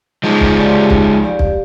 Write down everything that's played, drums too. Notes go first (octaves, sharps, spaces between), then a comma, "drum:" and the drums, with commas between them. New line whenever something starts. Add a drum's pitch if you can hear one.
F3 G#3 D#4
drum: kick
G4 D5 F5
D#4, drum: kick
G4 D5 F5
drum: kick